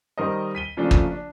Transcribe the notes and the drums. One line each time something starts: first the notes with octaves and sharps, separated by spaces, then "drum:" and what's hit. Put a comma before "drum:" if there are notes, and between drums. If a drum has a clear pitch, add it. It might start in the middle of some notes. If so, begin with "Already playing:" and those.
D#3 G3 A#4 C5 D#5
B6 D#7 G7
C#3 F3 A3 A#3 D4
drum: kick
D4